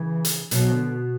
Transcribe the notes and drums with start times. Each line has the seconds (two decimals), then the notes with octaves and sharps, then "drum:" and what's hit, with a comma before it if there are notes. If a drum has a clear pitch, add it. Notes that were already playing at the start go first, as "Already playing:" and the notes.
Already playing: C#3 E3
0.25 drum: hi-hat
0.51 B2 F#3, drum: hi-hat
0.72 D3